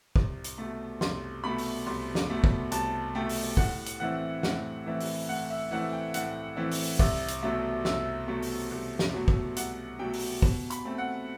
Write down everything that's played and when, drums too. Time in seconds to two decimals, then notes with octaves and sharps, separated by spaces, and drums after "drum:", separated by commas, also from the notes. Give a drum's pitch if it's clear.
0.16 C2, drum: kick
0.44 drum: hi-hat
0.58 B2 A3
1.01 C2 C6, drum: snare
1.44 B2 A3 B5
1.58 drum: open hi-hat
1.86 C2 C6
2.15 drum: snare
2.30 B2 A3
2.44 drum: kick
2.72 C2 A5, drum: hi-hat
3.15 B2 A3 G5
3.29 drum: open hi-hat
3.57 A2 F#5, drum: kick
3.86 drum: hi-hat
4.00 E3 A3 C4 E4 F#5
4.43 A2 F#5, drum: snare
4.86 E3 A3 C4 E4
5.00 drum: open hi-hat
5.29 A2 F#5
5.50 E5
5.71 E3 A3 C4 E4 F#5
5.93 G5
6.14 A2 F#5, drum: hi-hat
6.56 E3 A3 C4 E4
6.71 drum: open hi-hat
6.99 C2 E5, drum: kick
7.28 drum: hi-hat
7.42 B2 F#3 A3 E5
7.85 C2 E5, drum: snare
8.28 B2 F#3 A3
8.42 drum: open hi-hat
8.71 C2
8.99 drum: snare
9.13 B2 F#3 A3
9.28 drum: kick
9.56 C2 F#5, drum: hi-hat
9.99 B2 F#3 A3 G5
10.13 drum: open hi-hat
10.42 B2, drum: kick
10.70 B5, drum: hi-hat
10.85 A3 C4
10.98 F#5